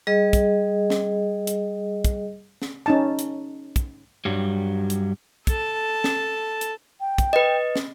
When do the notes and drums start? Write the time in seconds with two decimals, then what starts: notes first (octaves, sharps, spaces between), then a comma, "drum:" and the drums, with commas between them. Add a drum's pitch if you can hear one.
0.07 G3 G#4 D#5
0.33 drum: kick, hi-hat
0.90 drum: snare
1.47 drum: hi-hat
2.04 drum: kick, hi-hat
2.62 drum: snare
2.86 C#4 D#4 A5
3.19 drum: hi-hat
3.76 drum: kick, hi-hat
4.25 G2 F#3 G3
4.90 drum: hi-hat
5.47 A4 A5, drum: kick, hi-hat
6.04 drum: snare
6.61 drum: hi-hat
7.00 G5
7.18 drum: kick, hi-hat
7.33 B4 D#5
7.76 drum: snare